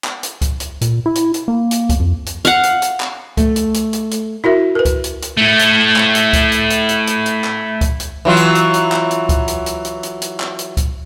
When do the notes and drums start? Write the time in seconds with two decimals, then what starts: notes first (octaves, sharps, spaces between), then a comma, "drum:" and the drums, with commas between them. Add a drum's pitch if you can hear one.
0.04 drum: clap
0.23 drum: hi-hat
0.41 drum: kick C#2, hi-hat
0.60 drum: hi-hat
0.81 A#2, drum: hi-hat
1.06 E4
1.15 drum: hi-hat
1.34 drum: hi-hat
1.48 A#3
1.71 drum: hi-hat
1.89 drum: kick C#2, hi-hat
2.00 F2
2.26 drum: hi-hat
2.45 F5 F#5, drum: hi-hat
2.63 drum: hi-hat
2.82 drum: hi-hat
3.00 drum: clap
3.37 A3, drum: kick C#2, hi-hat
3.56 drum: hi-hat
3.74 drum: hi-hat
3.93 drum: hi-hat
4.11 drum: hi-hat
4.44 E4 F#4 A#4 E5
4.75 A#4 B4
4.85 drum: kick C#2, hi-hat
5.04 drum: hi-hat
5.22 drum: hi-hat
5.37 A3 E4
5.59 drum: hi-hat
5.96 drum: clap
6.15 drum: hi-hat
6.33 drum: kick C#2, hi-hat
6.52 drum: hi-hat
6.70 drum: hi-hat
6.89 drum: hi-hat
7.07 drum: hi-hat
7.26 drum: hi-hat
7.44 drum: clap
7.81 drum: kick C#2, hi-hat
8.00 drum: hi-hat
8.25 E3 F#3 F4
8.37 drum: hi-hat
8.55 drum: hi-hat
8.74 drum: hi-hat
8.92 drum: clap
9.11 drum: hi-hat
9.29 drum: kick C#2, hi-hat
9.48 drum: hi-hat
9.66 drum: hi-hat
9.85 drum: hi-hat
10.03 drum: hi-hat
10.22 drum: hi-hat
10.40 drum: clap
10.59 drum: hi-hat
10.77 drum: kick C#2, hi-hat